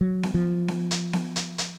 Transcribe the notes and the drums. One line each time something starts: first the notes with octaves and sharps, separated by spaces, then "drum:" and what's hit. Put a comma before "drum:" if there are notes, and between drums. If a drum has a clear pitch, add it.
F#3
drum: snare B3
F3
drum: snare B3
drum: hi-hat
drum: snare B3
drum: hi-hat
drum: hi-hat